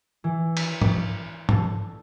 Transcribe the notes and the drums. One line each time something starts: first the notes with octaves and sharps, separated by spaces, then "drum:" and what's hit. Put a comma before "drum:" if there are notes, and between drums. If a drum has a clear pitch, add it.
E3
D4, drum: cymbal
drum: tom
A4, drum: tom